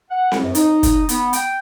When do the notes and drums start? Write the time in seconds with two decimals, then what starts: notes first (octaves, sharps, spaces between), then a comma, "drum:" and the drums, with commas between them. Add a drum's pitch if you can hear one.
0.10 F#5
0.32 drum: snare C4
0.43 F#2
0.55 D#4, drum: hi-hat
0.83 drum: kick, hi-hat
1.09 B3, drum: hi-hat
1.33 G5, drum: hi-hat